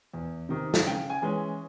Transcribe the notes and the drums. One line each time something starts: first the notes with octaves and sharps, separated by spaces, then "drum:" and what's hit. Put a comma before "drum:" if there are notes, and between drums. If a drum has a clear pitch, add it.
E2
C3 D#3
drum: snare
C#3 G5
G#5
E3 G#3 C#4